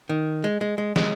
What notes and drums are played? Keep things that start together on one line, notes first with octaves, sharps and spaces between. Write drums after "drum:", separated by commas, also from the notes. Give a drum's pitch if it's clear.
D#3
G#3
G#3
G#3
G#3, drum: snare